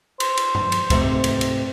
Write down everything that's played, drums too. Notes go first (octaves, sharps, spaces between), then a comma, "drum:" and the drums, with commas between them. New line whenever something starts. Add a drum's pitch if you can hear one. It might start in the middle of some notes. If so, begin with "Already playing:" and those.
C5, drum: cymbal
drum: cymbal
drum: tom G2
drum: cymbal
G#2 C3 A3, drum: kick C#2, cymbal
drum: cymbal
drum: cymbal